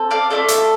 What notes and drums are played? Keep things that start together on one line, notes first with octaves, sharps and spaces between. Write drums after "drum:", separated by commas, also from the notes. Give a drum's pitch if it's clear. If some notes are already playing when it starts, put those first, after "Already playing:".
Already playing: C4 A4
D5 F5
A3 D4 F4 A4 D5 F5
drum: hi-hat